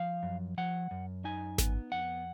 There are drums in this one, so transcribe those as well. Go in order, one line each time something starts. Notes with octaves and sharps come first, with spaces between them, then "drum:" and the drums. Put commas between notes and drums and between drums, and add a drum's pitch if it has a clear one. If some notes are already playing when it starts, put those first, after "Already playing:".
Already playing: F3 F5
F#2
F3 F#5
F#2
D#4 G#5
B3, drum: snare G#1
F2 F#5